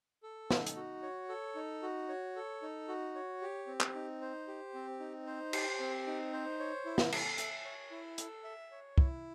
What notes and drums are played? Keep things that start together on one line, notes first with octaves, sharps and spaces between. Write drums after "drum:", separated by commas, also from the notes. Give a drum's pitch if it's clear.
A4
D#4, drum: snare
drum: hi-hat
F#4
C#5
A4
D#4
F#4
C#5
A4
D#4
F#4
C#5
G4
C4
drum: clap
D#4
C5
G4
C4
D#4
C5
G4, drum: cymbal
C4
D#4
C5
C#5
E4
drum: snare
A4, drum: cymbal
E5, drum: hi-hat
C#5
E4
A4, drum: hi-hat
E5
C#5
E4, drum: kick